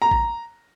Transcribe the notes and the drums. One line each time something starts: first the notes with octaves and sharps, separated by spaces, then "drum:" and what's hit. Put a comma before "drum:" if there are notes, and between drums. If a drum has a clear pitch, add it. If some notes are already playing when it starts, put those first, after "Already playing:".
A#5
drum: kick